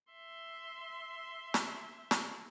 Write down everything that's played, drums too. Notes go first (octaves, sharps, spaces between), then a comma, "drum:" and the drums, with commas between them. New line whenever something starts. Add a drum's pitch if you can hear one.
E5 C6
drum: snare
drum: snare